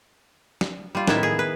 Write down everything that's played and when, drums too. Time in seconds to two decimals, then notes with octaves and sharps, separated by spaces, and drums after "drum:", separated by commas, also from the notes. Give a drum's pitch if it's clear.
0.61 drum: snare
0.95 G3 F4
1.07 A2 D#3 B3 E4 E5, drum: snare
1.23 G#4
1.39 B4